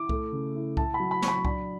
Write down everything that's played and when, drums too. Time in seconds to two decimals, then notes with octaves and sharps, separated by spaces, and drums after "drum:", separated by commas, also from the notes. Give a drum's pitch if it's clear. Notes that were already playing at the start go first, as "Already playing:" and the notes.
Already playing: E4 D6
0.09 A3, drum: kick C2
0.32 C#3
0.55 E4
0.77 E4 A5, drum: kick C2
0.94 B5
1.00 F#3
1.11 B5
1.22 F#3 C#6, drum: snare
1.28 B5
1.45 D4 B5, drum: kick C2